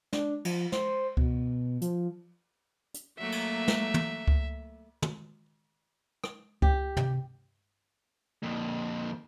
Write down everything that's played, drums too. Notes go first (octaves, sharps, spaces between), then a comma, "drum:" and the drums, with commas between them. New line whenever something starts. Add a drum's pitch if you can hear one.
D4, drum: snare
F3, drum: cymbal
C5, drum: snare
B2, drum: kick C#2
F3, drum: hi-hat
drum: hi-hat
F#3 A3 A#3 E5
drum: cymbal
drum: snare
drum: tom
drum: kick C#2
drum: tom
drum: rim click
G4, drum: kick C#2
C3, drum: tom
F2 A#2